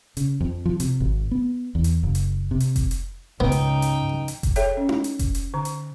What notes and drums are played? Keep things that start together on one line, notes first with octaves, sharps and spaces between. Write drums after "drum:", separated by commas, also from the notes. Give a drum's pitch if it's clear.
C#3, drum: hi-hat
F2
F3
C3, drum: hi-hat
G#1
B3
E2
drum: hi-hat
F#1
drum: hi-hat
C3
drum: hi-hat
drum: kick F1, hi-hat
drum: hi-hat
C#2 G#2 B3 D#4 G5
drum: hi-hat
drum: hi-hat
drum: hi-hat
drum: kick F1, hi-hat
G#4 A4 C#5 E5 G5, drum: hi-hat
C#4
drum: tom D#4
drum: hi-hat
drum: kick F1, hi-hat
drum: hi-hat
D3 A#5
drum: hi-hat